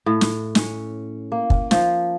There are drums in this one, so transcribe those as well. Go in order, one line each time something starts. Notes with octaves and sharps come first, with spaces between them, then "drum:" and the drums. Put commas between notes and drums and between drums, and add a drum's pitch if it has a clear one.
A2
drum: snare
C#4, drum: snare
A#3
drum: kick
F3, drum: snare